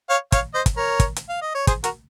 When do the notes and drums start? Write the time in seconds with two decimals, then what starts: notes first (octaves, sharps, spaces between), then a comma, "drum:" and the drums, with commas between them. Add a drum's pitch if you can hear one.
0.09 C#5 F5
0.32 C#5 F5, drum: kick, hi-hat
0.54 C5 D#5
0.66 drum: kick, hi-hat
0.77 A#4 C#5
1.00 drum: kick, hi-hat
1.16 drum: hi-hat
1.29 F5
1.42 D#5
1.55 C#5
1.67 G#4 C5, drum: kick, hi-hat
1.84 F#4 A#4, drum: hi-hat